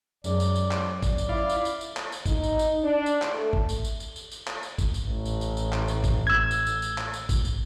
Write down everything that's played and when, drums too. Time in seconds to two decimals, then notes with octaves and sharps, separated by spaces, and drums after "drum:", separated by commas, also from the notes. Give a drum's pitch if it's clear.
0.24 F#2 G#3 D5, drum: tambourine
0.40 drum: tambourine
0.56 drum: tambourine
0.71 drum: clap
1.02 drum: kick G#1, tambourine
1.18 drum: tambourine
1.29 E4 D5 F5
1.49 drum: tambourine
1.65 drum: tambourine
1.81 drum: tambourine
1.96 drum: clap
2.12 drum: tambourine
2.26 D#4, drum: kick G#1, tambourine
2.43 drum: tambourine
2.59 drum: tambourine
2.82 D4
3.06 drum: tambourine
3.22 drum: clap
3.32 A3
3.53 drum: kick G#1
3.69 drum: tambourine
3.84 drum: tambourine
4.00 drum: tambourine
4.16 drum: tambourine
4.31 drum: tambourine
4.47 drum: clap
4.63 drum: tambourine
4.78 drum: kick G#1, tambourine
4.94 drum: tambourine
5.07 A1
5.25 drum: tambourine
5.41 drum: tambourine
5.57 drum: tambourine
5.72 drum: clap
5.88 drum: tambourine
6.04 drum: kick G#1, tambourine
6.27 E6 G#6
6.51 drum: tambourine
6.66 drum: tambourine
6.82 drum: tambourine
6.98 drum: clap
7.13 drum: tambourine
7.29 drum: kick G#1, tambourine
7.45 drum: tambourine